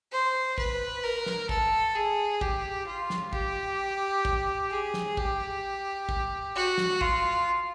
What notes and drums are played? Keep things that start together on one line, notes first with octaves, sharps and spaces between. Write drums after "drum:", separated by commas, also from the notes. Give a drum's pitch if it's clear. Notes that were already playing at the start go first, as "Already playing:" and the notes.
C5
B4, drum: kick
A#4
drum: snare
A4, drum: kick
G#4
G4, drum: kick
F4
drum: snare
G4, drum: kick
drum: kick
G#4
drum: snare
G4, drum: kick
drum: kick
F#4
drum: snare
F4, drum: kick